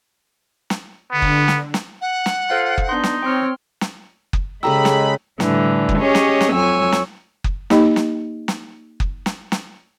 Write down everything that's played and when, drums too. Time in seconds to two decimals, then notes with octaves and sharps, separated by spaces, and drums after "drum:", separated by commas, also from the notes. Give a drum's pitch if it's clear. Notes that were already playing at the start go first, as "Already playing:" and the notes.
0.70 drum: snare
1.12 D3 B3
1.22 drum: kick F#1
1.48 drum: snare
1.74 drum: snare
2.01 F#5
2.26 drum: snare
2.50 F4 A4 C5 F5
2.78 drum: kick F#1
2.89 B3 D4 D#4 C6
3.04 drum: snare
3.23 C4 C#5 G5 C6 F6
3.81 drum: snare
4.33 drum: kick F#1
4.63 C#3 G#3 G4 A4 G5 A#5 B5 E6
4.85 drum: snare
5.40 A2 D3 E3 G3, drum: snare
5.89 drum: kick F#1
5.99 C#4 G4 G#4 C#5 D#5
6.15 drum: snare
6.41 drum: snare
6.53 F2 F#3 C#5 G#5 E6
6.92 drum: snare
7.44 drum: kick F#1
7.70 A#3 D#4 G4 D#5 B5, drum: snare
7.96 drum: snare
8.48 drum: snare
9.00 drum: kick F#1
9.26 drum: snare
9.52 drum: snare